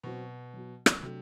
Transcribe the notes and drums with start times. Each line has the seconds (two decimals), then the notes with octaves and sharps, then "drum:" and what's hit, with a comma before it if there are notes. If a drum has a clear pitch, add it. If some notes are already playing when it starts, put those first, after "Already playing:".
0.03 B2 F#3 C4 F#4
0.53 F#3 B3 F#4
0.86 drum: rim click
1.02 C3 F#3 A3 D4 F#4